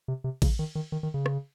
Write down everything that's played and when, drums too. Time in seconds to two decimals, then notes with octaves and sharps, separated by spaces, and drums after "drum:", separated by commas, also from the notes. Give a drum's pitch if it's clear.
0.08 C3
0.24 C3
0.42 C#3, drum: kick A1, cymbal
0.59 D#3
0.75 D#3
0.92 D#3
1.03 D#3
1.14 C#3
1.26 drum: rim click